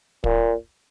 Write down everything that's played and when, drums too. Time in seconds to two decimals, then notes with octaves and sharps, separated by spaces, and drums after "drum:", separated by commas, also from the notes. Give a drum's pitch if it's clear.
0.24 A#2, drum: kick